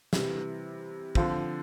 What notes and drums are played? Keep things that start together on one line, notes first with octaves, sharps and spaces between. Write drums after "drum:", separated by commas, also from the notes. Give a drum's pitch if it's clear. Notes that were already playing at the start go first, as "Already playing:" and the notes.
C3 E3 G3, drum: snare
D3 F3 C4, drum: kick